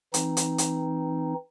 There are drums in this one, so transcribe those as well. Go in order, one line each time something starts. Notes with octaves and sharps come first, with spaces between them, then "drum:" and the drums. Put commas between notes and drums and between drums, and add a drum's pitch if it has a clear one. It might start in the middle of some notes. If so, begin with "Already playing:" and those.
E3 C4 D#4, drum: hi-hat
drum: hi-hat
drum: hi-hat